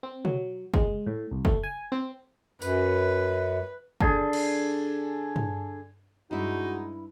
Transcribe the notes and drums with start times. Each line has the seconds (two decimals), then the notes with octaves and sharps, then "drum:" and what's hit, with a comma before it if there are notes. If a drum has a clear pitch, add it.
0.03 C4
0.25 F#3, drum: tom
0.74 G#3, drum: kick
1.07 A2
1.31 C2
1.45 A3, drum: kick
1.63 G#5
1.92 C4
2.62 F#2 B4, drum: tambourine
4.00 D3 G#4, drum: kick
4.33 drum: cymbal
5.36 drum: tom
6.31 G2 G#3 D#4 E4 F#4